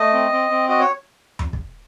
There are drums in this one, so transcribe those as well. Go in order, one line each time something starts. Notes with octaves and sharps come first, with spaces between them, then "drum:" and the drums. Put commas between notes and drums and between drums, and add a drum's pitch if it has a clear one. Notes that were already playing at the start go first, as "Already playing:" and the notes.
Already playing: A3 D#5
C4
C4
C4
F#4 D#5
C#5
drum: tom F2
drum: kick